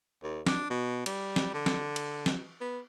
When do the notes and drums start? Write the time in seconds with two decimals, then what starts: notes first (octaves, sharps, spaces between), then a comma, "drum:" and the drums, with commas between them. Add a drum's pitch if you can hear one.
0.23 D#2
0.46 D4, drum: snare
0.70 B2
1.06 G3, drum: cymbal
1.36 drum: snare
1.54 D3
1.66 drum: snare
1.96 drum: cymbal
2.26 drum: snare
2.61 B3